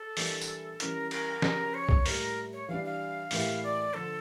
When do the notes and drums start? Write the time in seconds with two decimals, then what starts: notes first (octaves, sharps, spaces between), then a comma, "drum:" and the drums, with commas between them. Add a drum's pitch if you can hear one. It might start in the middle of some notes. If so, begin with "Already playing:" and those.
Already playing: A4
0.17 E3 G3 A#3 D4, drum: open hi-hat
0.41 drum: tambourine
0.80 E3 G3 C#4 E4 A#4, drum: hi-hat
1.11 A#4, drum: cymbal
1.42 C#3 F3 C#4 G4, drum: snare
1.74 C#5
1.89 drum: kick
2.06 A2 G3 A#3 A#4, drum: open hi-hat
2.53 C#5
2.68 E3 G3 D4 F5
2.84 F5
3.31 A2 E3 A#3 E4 G4, drum: open hi-hat
3.63 D5
3.94 D3 F3 A4